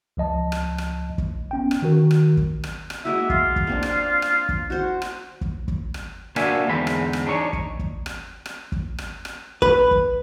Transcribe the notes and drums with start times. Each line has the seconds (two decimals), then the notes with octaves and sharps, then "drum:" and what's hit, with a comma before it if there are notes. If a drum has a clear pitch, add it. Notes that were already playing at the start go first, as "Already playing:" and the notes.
0.17 C#2 F3 D#5 A5
0.52 drum: rim click
0.78 drum: rim click
1.18 drum: kick
1.51 B3 C#4 G5
1.71 drum: rim click
1.82 D#3 F#4 A#4
2.11 drum: rim click
2.37 drum: kick
2.64 drum: rim click
2.90 drum: rim click
3.05 G#3 A#3 F#4 E5
3.30 F4, drum: kick
3.56 drum: kick
3.67 A#3 C4 D4
3.83 drum: rim click
4.22 drum: rim click
4.49 drum: kick
4.70 F#4 C5
5.02 drum: rim click
5.41 drum: kick
5.68 drum: kick
5.94 drum: rim click
6.36 A#3 D4 F#4 E5 G#5, drum: rim click
6.67 E2 G#2 D3 C4 B5
6.87 drum: rim click
7.13 drum: rim click
7.26 D4 D#4 C#5
7.53 drum: kick
7.79 drum: kick
8.06 drum: rim click
8.46 drum: rim click
8.72 drum: kick
8.98 drum: rim click
9.25 drum: rim click
9.62 B4, drum: kick
9.91 drum: kick